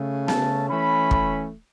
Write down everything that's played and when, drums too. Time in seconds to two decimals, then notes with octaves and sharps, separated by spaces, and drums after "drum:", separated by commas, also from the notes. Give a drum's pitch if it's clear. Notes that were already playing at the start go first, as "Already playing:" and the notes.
Already playing: C#3 A3 C#4
0.28 A5, drum: snare B3
0.70 E3 A3 C#4 B5
1.11 drum: kick